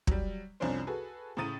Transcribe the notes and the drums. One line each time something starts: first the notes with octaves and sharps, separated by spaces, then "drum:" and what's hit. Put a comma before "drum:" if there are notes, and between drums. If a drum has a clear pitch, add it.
F#3 G3, drum: kick
C2 F2 F3 C#4 D4 C5
F#4 G#4 A4 B4
A2 C#3 A#5 D#6 A6 D#7